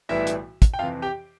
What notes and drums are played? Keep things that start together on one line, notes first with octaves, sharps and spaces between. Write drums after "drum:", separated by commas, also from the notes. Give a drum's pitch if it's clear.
B1 A2 E3 G3 B3 E4 E5
drum: hi-hat
drum: kick, hi-hat
G5
F2 C3 E3 F4 F5
G4 G5